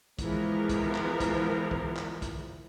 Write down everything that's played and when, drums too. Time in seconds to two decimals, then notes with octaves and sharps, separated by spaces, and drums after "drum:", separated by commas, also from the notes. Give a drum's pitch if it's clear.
0.19 E3 F3 G#3 B3 A#4, drum: kick, hi-hat
0.69 drum: kick, hi-hat
0.95 drum: clap
1.20 drum: kick, hi-hat
1.71 drum: kick
1.97 drum: clap
2.22 drum: kick, hi-hat